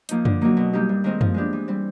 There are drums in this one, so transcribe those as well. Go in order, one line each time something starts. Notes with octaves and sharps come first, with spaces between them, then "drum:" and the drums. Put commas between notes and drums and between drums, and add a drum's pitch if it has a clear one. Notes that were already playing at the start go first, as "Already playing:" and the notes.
F3 A#3 D#4, drum: hi-hat
D3, drum: tom F#2
F#3 A#3 D#4
B2
G3 A#3 D#4 G4
G2
D#3 G#3 C4 D#4
F3, drum: tom F#2
G#3 B3 D4 G4
E3
G3 C4